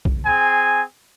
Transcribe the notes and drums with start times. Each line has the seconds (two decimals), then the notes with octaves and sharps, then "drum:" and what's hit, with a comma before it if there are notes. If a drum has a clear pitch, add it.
0.05 drum: kick B1
0.24 C4 G#4 G#5